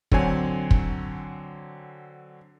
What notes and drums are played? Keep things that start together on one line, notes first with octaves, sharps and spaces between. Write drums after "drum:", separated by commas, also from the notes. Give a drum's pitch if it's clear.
D3 F#3 C4 C#5 G#5, drum: kick
drum: kick